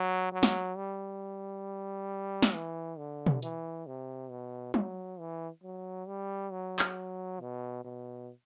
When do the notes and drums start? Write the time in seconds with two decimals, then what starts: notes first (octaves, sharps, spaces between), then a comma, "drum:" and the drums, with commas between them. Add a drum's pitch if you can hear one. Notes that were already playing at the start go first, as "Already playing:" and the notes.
Already playing: F#3
0.32 F#3
0.43 drum: snare
0.77 G3
2.42 drum: snare
2.54 E3
2.98 D3
3.26 drum: tom B2
3.42 E3, drum: hi-hat
3.87 C3
4.31 B2
4.74 F#3, drum: tom
5.19 E3
5.63 F#3
6.08 G3
6.52 F#3
6.79 drum: clap
7.40 B2
7.84 B2